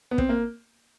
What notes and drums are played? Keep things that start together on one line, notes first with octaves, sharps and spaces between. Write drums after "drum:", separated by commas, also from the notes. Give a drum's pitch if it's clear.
B3
C4, drum: kick
A#3